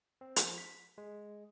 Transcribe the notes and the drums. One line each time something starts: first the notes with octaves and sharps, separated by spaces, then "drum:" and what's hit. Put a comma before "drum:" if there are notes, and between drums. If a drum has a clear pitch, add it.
C4
F3, drum: hi-hat
B6
G#3